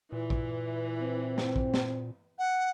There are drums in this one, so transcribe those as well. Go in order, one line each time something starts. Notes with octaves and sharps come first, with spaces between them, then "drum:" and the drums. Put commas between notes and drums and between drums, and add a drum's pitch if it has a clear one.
A#2 E3
drum: kick
C4
drum: snare
drum: kick
drum: snare
F#5